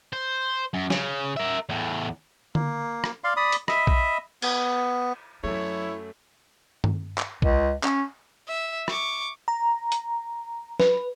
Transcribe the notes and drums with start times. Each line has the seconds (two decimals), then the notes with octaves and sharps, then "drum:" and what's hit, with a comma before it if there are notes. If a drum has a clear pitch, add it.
0.13 C5
0.74 F#2
0.90 C#3, drum: snare
1.37 A#4 E5
1.69 E2 A2
2.55 A#3, drum: tom D3
3.04 drum: rim click
3.24 D5 F5 C6
3.37 D5 B5 D#6
3.52 drum: hi-hat
3.68 D#5 E5 B5, drum: rim click
3.87 drum: kick A#1
4.42 B3, drum: cymbal
5.44 F#2 F#3 A3 E4 C#5
6.84 drum: tom G2
7.18 drum: clap
7.42 C#2, drum: kick A#1
7.84 C#4, drum: clap
8.48 E5
8.88 C#6 D6, drum: rim click
9.48 A#5
9.92 drum: hi-hat
10.80 B4, drum: snare